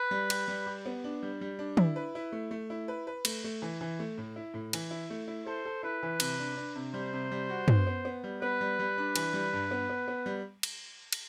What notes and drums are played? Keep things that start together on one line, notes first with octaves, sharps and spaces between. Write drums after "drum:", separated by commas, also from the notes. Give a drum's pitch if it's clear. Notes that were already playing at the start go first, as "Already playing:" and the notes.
Already playing: B4
G3
G4, drum: cymbal
G3
G4
B3
D4
G3
G3
D4
E4, drum: tom
B4
E4
A3
A3
E4
B4
B4
A3, drum: cymbal
A3
E3
E3
A3
A2
E4
A2
E3, drum: cymbal
E4
A3
E4
A4 C5
A4
E4 B4
E3
C3, drum: cymbal
D4
D4
C3
G3 C5
C3
G3
F#4
B3, drum: tom
B3
B3
G3
B3 B4
G3
G3
D4
E3, drum: cymbal
G3
G2
B3
B3
B3
G3
drum: cymbal
drum: cymbal